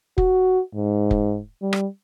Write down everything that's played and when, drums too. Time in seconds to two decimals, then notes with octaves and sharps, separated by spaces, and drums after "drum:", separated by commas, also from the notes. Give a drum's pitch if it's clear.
0.18 F#4, drum: kick F1
0.75 G#2
1.11 drum: kick F1
1.62 G3
1.73 drum: rim click